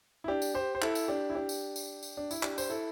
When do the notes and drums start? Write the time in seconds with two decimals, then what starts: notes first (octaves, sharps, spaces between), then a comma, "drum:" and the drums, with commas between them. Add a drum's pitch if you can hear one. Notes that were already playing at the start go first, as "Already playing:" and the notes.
0.24 E4
0.28 D4 G4
0.42 drum: tambourine
0.55 G4 C5
0.75 C5
0.82 E4 A4, drum: clap
0.95 drum: tambourine
1.08 D4 G4
1.30 E4
1.35 D4 G4
1.49 drum: tambourine
1.76 drum: tambourine
2.03 drum: tambourine
2.17 D4
2.31 E4, drum: tambourine
2.43 D4 G4, drum: clap
2.58 C5, drum: tambourine
2.70 E4 A4